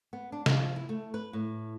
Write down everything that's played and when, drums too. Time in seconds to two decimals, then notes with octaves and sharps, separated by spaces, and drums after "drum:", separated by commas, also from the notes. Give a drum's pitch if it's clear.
0.13 B3
0.32 D4
0.46 F3, drum: snare
0.76 E4
0.89 A3
1.14 B4
1.33 A2